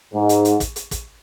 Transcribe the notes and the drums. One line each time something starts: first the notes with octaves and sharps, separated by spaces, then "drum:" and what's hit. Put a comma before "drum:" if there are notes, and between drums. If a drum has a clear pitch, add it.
G#2
drum: hi-hat
drum: hi-hat
drum: kick, hi-hat
drum: hi-hat
drum: kick, hi-hat